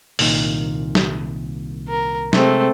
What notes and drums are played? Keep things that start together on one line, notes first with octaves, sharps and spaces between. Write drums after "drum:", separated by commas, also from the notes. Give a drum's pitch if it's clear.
C2 A#2 D#3, drum: open hi-hat
drum: snare
A#4
C3 G#3 A3 C4, drum: snare